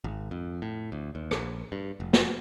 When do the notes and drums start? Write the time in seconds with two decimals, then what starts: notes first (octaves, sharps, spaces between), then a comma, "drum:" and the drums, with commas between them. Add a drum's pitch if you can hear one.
0.04 G#1
0.31 F2
0.62 A2
0.92 D2
1.15 D#2
1.31 A#1, drum: rim click
1.72 G2
2.00 F1
2.13 drum: snare